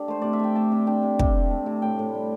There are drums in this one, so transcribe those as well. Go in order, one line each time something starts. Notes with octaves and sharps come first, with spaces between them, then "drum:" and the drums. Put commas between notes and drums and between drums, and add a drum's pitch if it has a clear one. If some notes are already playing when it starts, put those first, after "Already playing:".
Already playing: D4 G4 A4
A3 C5
C3 D5
E5
A3 G5
A3 A5
C3
D4 G5
C3
C3, drum: kick
C3
A3
C3
A2 G5
A2
G3